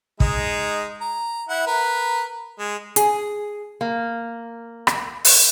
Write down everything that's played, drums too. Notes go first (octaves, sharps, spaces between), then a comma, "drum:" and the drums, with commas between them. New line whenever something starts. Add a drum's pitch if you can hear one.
G#3 D#4, drum: kick
A#5
E4 F#5
A#4 B4
G#3
G#4, drum: hi-hat
A#3
drum: rim click
drum: open hi-hat